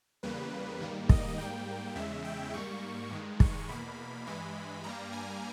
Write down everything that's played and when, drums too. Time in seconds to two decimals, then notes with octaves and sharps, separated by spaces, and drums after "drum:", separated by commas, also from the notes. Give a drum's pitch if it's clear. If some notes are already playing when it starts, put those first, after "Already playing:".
0.23 E2 C#3 G3 A#3 B4
0.80 G#2 D#3 G3 A#3
1.09 D#5, drum: kick
1.38 G#2 G3 A#3 G5
1.96 E2 C#3 G#3 E5
2.25 G5
2.54 G#2 G3 A#3 C#6
3.11 G2 D#3 G#3
3.40 C#6, drum: kick
3.69 E2 B2 A#3 B5
4.27 G2 E3 G#3 B5
4.84 G2 G3 A#3 A#5
5.13 G#5